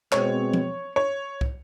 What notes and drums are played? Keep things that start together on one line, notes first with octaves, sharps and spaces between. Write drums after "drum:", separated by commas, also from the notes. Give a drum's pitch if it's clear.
B2 G#3 C4 C#5, drum: clap
drum: tom
C#5
drum: kick